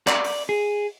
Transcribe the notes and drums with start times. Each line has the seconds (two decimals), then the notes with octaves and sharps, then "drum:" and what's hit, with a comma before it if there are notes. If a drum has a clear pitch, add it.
0.07 D5, drum: clap
0.24 drum: open hi-hat
0.49 G#4